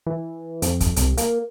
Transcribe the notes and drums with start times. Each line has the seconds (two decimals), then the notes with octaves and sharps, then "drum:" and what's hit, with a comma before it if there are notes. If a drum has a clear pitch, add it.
0.06 E3
0.62 F2, drum: hi-hat
0.80 drum: kick, hi-hat
0.96 C2, drum: hi-hat
1.17 A#3, drum: hi-hat